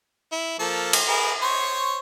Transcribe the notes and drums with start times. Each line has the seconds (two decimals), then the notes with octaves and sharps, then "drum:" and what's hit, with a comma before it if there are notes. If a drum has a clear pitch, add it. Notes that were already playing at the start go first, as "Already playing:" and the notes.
0.32 E4
0.59 F3 A#3 A4
0.93 drum: cymbal
1.08 G#4 A#4 B4
1.42 C5 C#5 C#6